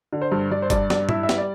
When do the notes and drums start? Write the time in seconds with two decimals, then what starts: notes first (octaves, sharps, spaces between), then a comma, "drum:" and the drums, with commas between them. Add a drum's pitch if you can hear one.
0.13 D3
0.22 C5
0.32 G2
0.51 G2 D5
0.62 C5
0.70 G2 D5, drum: kick F#1, hi-hat
0.90 G2 D5, drum: snare
1.09 E4 E5, drum: tom
1.23 E5
1.29 G3, drum: snare
1.38 D5